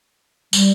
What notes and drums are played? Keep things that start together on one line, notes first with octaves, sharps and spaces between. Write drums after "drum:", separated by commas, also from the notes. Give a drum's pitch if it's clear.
G3, drum: tambourine